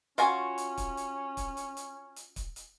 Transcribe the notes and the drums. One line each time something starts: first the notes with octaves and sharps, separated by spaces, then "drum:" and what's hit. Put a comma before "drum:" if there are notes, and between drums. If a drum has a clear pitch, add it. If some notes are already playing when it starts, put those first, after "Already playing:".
C#4 F4 F#4 G#5, drum: hi-hat
drum: hi-hat
drum: kick C#1, hi-hat
drum: hi-hat
drum: kick C#1, hi-hat
drum: hi-hat
drum: hi-hat
drum: hi-hat
drum: kick C#1, hi-hat
drum: hi-hat